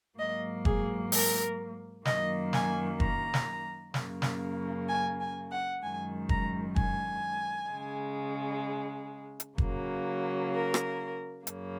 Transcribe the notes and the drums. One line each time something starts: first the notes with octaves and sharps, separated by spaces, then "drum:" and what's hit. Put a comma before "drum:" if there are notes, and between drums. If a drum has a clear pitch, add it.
G#2 F#3 A#3 D#5
G#4, drum: kick
A#4, drum: open hi-hat
F#2 D#3 F#3 A#3 D#5, drum: snare
G#5, drum: snare
A#5, drum: kick
drum: snare
F#2 C#3 A#3, drum: snare
drum: snare
G#5
G#5
F#5
F#2 D#3 G#3 G#5
A#5, drum: kick
G#5, drum: kick
C#3 G#3
drum: hi-hat
C#3 F#3 A#3, drum: kick
A#4
drum: rim click
F#2 C#3 A#3, drum: hi-hat